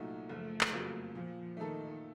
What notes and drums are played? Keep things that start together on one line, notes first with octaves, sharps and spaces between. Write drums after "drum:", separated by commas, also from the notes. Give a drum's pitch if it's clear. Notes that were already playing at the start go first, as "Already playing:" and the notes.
Already playing: C2 A#2 F#3 A3 D#4
F#1 F3 A3
drum: clap
F2 C#3 F#3 A#3
A#2 F3
D#3 A3 D#4 A4